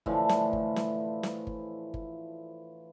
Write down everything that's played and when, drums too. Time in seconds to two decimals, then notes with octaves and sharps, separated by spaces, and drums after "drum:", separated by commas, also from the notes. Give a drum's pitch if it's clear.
0.06 A2 D3 E3 F3, drum: kick G1
0.29 drum: snare
0.53 drum: kick G1
0.76 drum: snare
1.23 drum: snare
1.47 drum: kick G1
1.94 drum: kick G1